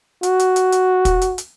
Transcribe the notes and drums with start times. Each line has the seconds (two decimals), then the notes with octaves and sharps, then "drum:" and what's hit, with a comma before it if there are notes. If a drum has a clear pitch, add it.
0.23 F#4, drum: hi-hat
0.39 drum: hi-hat
0.56 drum: hi-hat
0.72 drum: hi-hat
1.05 drum: kick, hi-hat
1.21 drum: hi-hat
1.38 drum: hi-hat